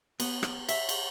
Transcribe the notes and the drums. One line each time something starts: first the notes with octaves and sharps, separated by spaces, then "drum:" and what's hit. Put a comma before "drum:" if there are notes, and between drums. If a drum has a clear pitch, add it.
B3, drum: cymbal
drum: rim click
E5, drum: cymbal
drum: cymbal